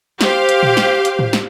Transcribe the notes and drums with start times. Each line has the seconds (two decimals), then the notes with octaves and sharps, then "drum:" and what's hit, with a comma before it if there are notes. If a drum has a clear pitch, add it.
0.21 G4 C5 F5, drum: snare
0.49 drum: hi-hat
0.63 drum: tom A#2
0.77 drum: snare
1.05 drum: hi-hat
1.19 drum: tom A2
1.33 drum: snare